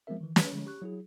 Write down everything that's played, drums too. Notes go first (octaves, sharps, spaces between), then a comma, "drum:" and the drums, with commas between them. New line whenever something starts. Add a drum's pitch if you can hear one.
F3 G#3 B3 C4 A#4 E5
D#3 E3
B4, drum: snare
D3 F3 G#3
G4 C#6 F#6
F#3 E4 G#4